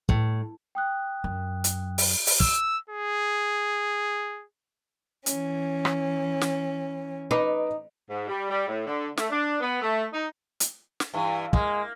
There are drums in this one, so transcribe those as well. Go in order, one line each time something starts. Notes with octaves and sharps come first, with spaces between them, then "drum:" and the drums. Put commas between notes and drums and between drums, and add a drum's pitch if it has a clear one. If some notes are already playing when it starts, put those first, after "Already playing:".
A2, drum: kick
G5 D#6 F#6
F#2
drum: hi-hat
drum: open hi-hat
drum: open hi-hat
E6, drum: kick
G#4
E3 C#4, drum: hi-hat
drum: rim click
drum: snare
D#4 B4 B5 D6
G#2
G3
G3
A2
D3
A3, drum: snare
D4
B3
A3
D#4
drum: hi-hat
drum: snare
G2 E3
G#3 A#3, drum: kick